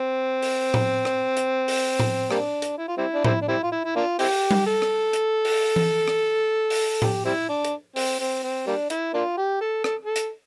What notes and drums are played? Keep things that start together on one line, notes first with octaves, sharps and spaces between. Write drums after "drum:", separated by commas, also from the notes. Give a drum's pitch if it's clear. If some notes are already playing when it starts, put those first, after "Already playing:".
Already playing: C4
drum: open hi-hat
drum: tom A2
drum: rim click
drum: hi-hat
drum: open hi-hat
drum: tom A2
G3 A#3 D4, drum: rim click
drum: hi-hat
E4
F4
G3 C4 E4
D4
G3 C4 E4, drum: tom A2
D4
G3 C4 E4
F4
E4
E4
A#3 D4 F4
C4 E4 G4, drum: open hi-hat
drum: tom G3
A4
drum: rim click
drum: hi-hat
drum: open hi-hat
drum: tom E3
drum: rim click
drum: open hi-hat
G4, drum: tom A2
G3 C4 E4
D4
drum: hi-hat
C4, drum: open hi-hat
C4
C4
G3 A#3 D4
E4, drum: hi-hat
A#3 D4 F4
G4
A4
A4, drum: rim click
A4
drum: hi-hat